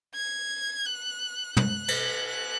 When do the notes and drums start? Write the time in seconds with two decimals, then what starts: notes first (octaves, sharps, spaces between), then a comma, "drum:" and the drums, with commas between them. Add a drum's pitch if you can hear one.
0.15 G#6
0.86 F#6
1.57 F#6, drum: tom
1.88 drum: cymbal
2.28 F#6